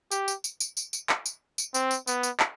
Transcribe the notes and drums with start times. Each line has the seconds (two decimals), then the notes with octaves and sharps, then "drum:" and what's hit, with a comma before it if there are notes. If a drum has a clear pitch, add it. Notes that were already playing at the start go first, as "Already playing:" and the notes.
0.11 G4, drum: tambourine
0.28 drum: tambourine
0.44 drum: tambourine
0.60 drum: tambourine
0.77 drum: tambourine
0.93 drum: tambourine
1.09 drum: clap
1.26 drum: tambourine
1.58 drum: tambourine
1.74 C4, drum: tambourine
1.91 drum: tambourine
2.07 B3, drum: tambourine
2.23 drum: tambourine
2.40 drum: clap